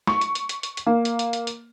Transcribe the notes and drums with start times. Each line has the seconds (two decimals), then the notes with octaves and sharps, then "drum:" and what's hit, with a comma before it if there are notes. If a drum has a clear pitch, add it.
0.07 C#6, drum: snare
0.21 drum: hi-hat
0.35 drum: hi-hat
0.49 drum: hi-hat
0.63 drum: hi-hat
0.77 drum: hi-hat
0.87 A#3
1.05 drum: hi-hat
1.19 drum: hi-hat
1.33 drum: hi-hat
1.47 drum: hi-hat